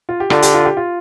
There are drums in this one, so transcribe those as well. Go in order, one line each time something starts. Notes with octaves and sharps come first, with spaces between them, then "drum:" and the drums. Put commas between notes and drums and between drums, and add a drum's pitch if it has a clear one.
F4
G4
D3 F4, drum: rim click
G4, drum: hi-hat
F4
G4
F4